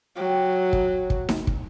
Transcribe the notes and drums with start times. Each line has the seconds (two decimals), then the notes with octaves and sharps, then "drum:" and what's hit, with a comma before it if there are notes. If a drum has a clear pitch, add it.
0.17 F#3 G4
0.73 drum: kick
1.10 drum: kick
1.29 drum: snare D#4
1.47 drum: kick